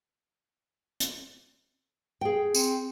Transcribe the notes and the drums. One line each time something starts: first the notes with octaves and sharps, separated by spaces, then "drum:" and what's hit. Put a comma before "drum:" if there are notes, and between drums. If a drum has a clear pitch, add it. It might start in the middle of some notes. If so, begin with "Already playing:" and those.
drum: hi-hat
G#4 G5
C4, drum: tambourine